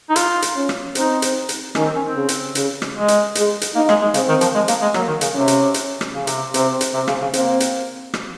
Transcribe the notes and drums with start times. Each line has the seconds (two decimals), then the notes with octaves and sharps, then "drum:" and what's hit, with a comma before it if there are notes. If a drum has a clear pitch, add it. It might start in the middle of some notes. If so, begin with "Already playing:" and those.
0.09 D#4
0.16 F4, drum: hi-hat
0.42 drum: hi-hat
0.56 C#4
0.69 drum: rim click
0.95 C4 D#4, drum: hi-hat
1.22 drum: hi-hat
1.49 drum: hi-hat
1.75 D#3 C#4, drum: rim click
1.85 C4
1.95 C#4
2.05 C4
2.15 C#3
2.29 drum: hi-hat
2.55 C#3, drum: hi-hat
2.82 drum: rim click
2.95 G#3
3.08 drum: hi-hat
3.35 G#3, drum: hi-hat
3.61 drum: hi-hat
3.75 A#3 D#4
3.89 G#3, drum: rim click
4.01 G#3
4.14 C#3 C4, drum: hi-hat
4.29 D#3
4.41 F3, drum: hi-hat
4.55 G#3
4.68 A#3, drum: hi-hat
4.82 G#3
4.94 F#3 A#3, drum: rim click
5.08 D#3
5.21 C#3, drum: hi-hat
5.34 C3 C#4
5.48 drum: hi-hat
5.74 drum: hi-hat
6.01 drum: rim click
6.14 C#3
6.27 C3, drum: hi-hat
6.54 C3 C4, drum: hi-hat
6.81 drum: hi-hat
6.94 C3 C4
7.08 C#3, drum: rim click
7.21 C#3
7.34 A#3 C4, drum: hi-hat
7.60 drum: hi-hat
8.14 drum: rim click